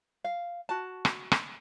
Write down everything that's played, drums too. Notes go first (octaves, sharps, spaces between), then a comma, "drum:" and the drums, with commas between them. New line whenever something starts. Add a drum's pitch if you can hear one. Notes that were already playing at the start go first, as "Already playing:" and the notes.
F5
F#4 A5
drum: rim click
drum: rim click